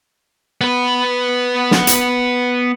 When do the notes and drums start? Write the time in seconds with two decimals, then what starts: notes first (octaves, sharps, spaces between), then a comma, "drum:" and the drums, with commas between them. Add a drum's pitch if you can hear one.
0.61 B3 B4
1.71 drum: snare
1.87 drum: hi-hat